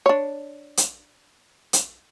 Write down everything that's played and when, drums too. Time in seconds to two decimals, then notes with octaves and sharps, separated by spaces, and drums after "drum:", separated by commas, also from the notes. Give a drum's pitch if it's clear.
0.06 D4 C#5
0.77 drum: hi-hat
1.73 drum: hi-hat